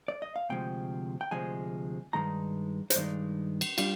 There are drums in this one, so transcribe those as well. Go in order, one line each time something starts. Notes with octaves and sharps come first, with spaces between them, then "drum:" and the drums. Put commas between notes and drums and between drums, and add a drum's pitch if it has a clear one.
D5
D#5
F5
D2 C3 F3 G#3 G5
G5
D2 C3 F3 G#3 G#5
G2 D#3 G#3 D#4 A#5
C5, drum: hi-hat
G2 D#3 G#3 D#4 D5
drum: cymbal
G3 D4 F4, drum: cymbal